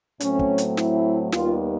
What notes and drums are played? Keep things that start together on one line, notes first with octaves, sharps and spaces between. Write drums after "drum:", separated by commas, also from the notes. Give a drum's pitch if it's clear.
A2 F#3 A3 C4 C#4, drum: hi-hat
drum: kick
drum: hi-hat
E4, drum: snare
D#2 D#3 G3 B3 F4, drum: snare